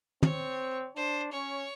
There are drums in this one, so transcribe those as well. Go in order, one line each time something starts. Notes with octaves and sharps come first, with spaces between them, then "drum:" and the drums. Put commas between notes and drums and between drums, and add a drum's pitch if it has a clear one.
C4 C#5, drum: tom
D4 C5
C#4 C#5